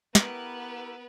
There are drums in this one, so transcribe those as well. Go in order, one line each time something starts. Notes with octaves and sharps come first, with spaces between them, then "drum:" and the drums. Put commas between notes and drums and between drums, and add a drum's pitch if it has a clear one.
B3 E4 G4 A#4 B4, drum: snare